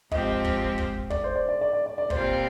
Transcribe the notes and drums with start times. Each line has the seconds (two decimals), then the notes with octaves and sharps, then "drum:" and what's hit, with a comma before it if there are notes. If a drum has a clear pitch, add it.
0.11 G#2 F3 C4 G4 D#5, drum: kick
0.45 drum: kick
0.78 drum: kick
1.10 D5, drum: kick
1.24 C5
1.36 D5
1.49 D5
1.61 D5
1.73 D5
1.86 D5
1.98 D5
2.10 A#2 G3 C4 F4 C5, drum: kick